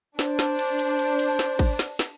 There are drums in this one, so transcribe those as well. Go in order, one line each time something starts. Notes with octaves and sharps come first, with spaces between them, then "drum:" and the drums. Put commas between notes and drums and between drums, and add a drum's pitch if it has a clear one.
D4 C5, drum: snare
drum: snare
drum: cymbal
drum: cymbal
drum: cymbal
drum: cymbal
drum: snare
drum: kick, cymbal
drum: snare
drum: snare